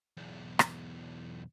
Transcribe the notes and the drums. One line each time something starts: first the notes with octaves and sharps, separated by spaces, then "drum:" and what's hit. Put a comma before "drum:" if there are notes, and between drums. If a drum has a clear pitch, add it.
B1 E2
drum: rim click